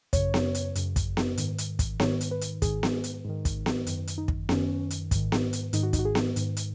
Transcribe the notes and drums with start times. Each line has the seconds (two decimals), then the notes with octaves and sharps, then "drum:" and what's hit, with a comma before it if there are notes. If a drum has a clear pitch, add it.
0.13 F#2 C#3 C#5, drum: kick, hi-hat
0.34 drum: snare B3
0.55 drum: hi-hat
0.75 F#2 C#3, drum: hi-hat
0.96 drum: kick, hi-hat
1.17 drum: snare B3
1.37 G#2 D#3, drum: hi-hat
1.58 drum: hi-hat
1.79 drum: kick, hi-hat
2.00 G#2 D#3 C#5, drum: snare B3
2.21 drum: hi-hat
2.31 B4
2.41 drum: hi-hat
2.62 G#2 D#3 G#4, drum: kick, hi-hat
2.83 drum: snare B3
3.04 drum: hi-hat
3.24 G#2 D#3
3.45 drum: kick, hi-hat
3.66 drum: snare B3
3.87 F#2 D#3, drum: hi-hat
4.07 drum: hi-hat
4.18 D#4
4.28 drum: kick
4.49 F#2 D#3 C#4, drum: snare B3
4.90 drum: hi-hat
5.11 G#2 D#3, drum: kick, hi-hat
5.32 drum: snare B3
5.53 drum: hi-hat
5.73 G#2 D#3 D#4, drum: hi-hat
5.83 F#4
5.93 D#4, drum: kick, hi-hat
5.99 F#4
6.05 G#4
6.15 drum: snare B3
6.36 G#2 D#3, drum: hi-hat
6.57 drum: hi-hat